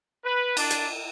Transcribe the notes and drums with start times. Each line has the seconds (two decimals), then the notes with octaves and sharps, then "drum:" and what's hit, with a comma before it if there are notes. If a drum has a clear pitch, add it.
0.23 B4
0.57 D4, drum: cymbal
0.70 drum: hi-hat